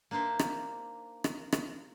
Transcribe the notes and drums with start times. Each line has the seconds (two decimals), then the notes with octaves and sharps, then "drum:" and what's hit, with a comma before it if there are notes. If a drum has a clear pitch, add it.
0.11 A#3 D4 D#4 C5 E5
0.39 drum: rim click
1.24 drum: rim click
1.52 drum: rim click